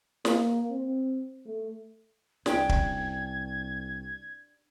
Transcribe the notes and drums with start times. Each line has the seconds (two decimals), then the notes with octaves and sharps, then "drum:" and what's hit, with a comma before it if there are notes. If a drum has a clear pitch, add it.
0.25 A#3, drum: snare
0.70 C4
1.46 A3
2.46 C2 C#4 D4 G4 G5 G#6, drum: snare
2.69 drum: kick